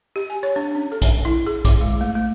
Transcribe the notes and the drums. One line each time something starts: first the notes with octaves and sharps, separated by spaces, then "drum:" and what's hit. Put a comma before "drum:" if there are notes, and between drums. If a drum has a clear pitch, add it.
G4
G#5
C#5
D4
C#4
A4
drum: kick A#1, hi-hat
E4
G#4
D6, drum: kick A#1, hi-hat
G#3
A3
A3